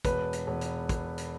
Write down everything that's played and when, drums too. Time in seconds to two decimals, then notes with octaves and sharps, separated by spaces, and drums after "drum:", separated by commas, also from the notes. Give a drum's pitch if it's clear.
0.05 E1 B4, drum: kick, hi-hat
0.33 drum: hi-hat
0.47 E1
0.61 drum: hi-hat
0.89 drum: kick, hi-hat
1.18 drum: hi-hat